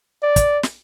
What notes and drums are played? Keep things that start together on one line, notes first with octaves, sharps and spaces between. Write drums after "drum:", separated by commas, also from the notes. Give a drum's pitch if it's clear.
D5
drum: kick, hi-hat
drum: snare